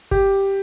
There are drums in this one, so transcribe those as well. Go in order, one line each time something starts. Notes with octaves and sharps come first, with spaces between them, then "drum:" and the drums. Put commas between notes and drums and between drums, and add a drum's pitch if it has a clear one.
G4, drum: kick